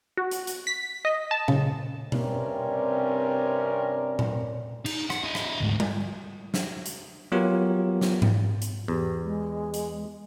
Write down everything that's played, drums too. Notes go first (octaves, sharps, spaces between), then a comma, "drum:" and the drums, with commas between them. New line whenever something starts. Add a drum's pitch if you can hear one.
F#4
drum: hi-hat
drum: hi-hat
B6
D#5
A5
C#3, drum: tom A#2
G2 C3 C4 C#4 A#4 D5, drum: tom B2
drum: tom A#2
D#4, drum: cymbal
F#5, drum: rim click
E4 D#5
drum: rim click
D2 G#2
drum: tom G3
drum: snare
drum: hi-hat
F#3 B3 F4 G4 A#4 C#5
drum: snare
drum: tom G#2
drum: hi-hat
E2 G4
G#3
drum: hi-hat